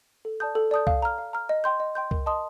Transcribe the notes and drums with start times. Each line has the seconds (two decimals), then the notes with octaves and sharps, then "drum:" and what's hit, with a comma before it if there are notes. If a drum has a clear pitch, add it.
0.25 A4
0.40 D5 A5 D#6 G6
0.55 A4
0.71 D5 A5 D#6 G6
0.87 F5, drum: kick
1.02 A#5 F6
1.18 F5
1.33 A#5 F6
1.49 D#5
1.64 G5 C6 G6
1.80 D#5
1.95 G5 C6 G6
2.11 A#4, drum: kick
2.26 D#5 A5 C6 D#6